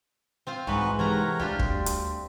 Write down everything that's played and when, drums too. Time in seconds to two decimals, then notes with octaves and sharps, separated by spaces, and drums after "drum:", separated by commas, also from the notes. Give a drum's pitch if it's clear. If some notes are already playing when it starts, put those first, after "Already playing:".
0.47 C4 F4 F5
0.67 C2 G#2 E3 D#4 F#4 B4 C#6
0.99 C3 E3 A3 A#4 C#5 F#5 A#5
1.39 C#2 G3 D4 F4 G4
1.59 D2 C4, drum: kick
1.86 drum: hi-hat